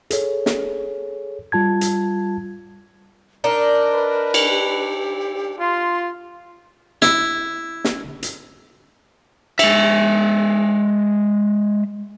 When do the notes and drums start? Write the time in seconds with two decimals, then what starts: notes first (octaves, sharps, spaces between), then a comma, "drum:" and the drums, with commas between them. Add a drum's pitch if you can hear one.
0.10 G#4 A4 C#5, drum: hi-hat
0.46 drum: snare
1.52 G3 F4 A5 G#6
1.81 drum: hi-hat
3.44 D4 D#4 A#4
3.94 B4
4.34 drum: cymbal
4.49 G4
5.60 F4 C6
7.02 E4, drum: snare
7.85 drum: snare
8.23 drum: hi-hat
9.59 G#3 E5, drum: cymbal